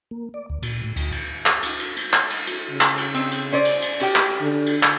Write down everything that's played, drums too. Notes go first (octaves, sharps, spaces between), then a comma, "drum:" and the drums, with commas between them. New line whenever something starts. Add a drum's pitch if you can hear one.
A#3
D5
D2
A#2, drum: cymbal
A2
D2, drum: cymbal
drum: cymbal
drum: clap
drum: cymbal
drum: cymbal
drum: cymbal
drum: clap
drum: cymbal
drum: cymbal
C#3
drum: clap
drum: cymbal
C4, drum: cymbal
drum: cymbal
C#4 C5 D5
drum: cymbal
drum: cymbal
C#4 G4 G5, drum: cymbal
drum: clap
D3
drum: cymbal
drum: clap